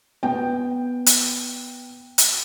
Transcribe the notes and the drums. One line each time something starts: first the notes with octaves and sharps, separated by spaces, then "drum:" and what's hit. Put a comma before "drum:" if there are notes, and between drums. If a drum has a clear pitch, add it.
B3 G5
drum: hi-hat
drum: hi-hat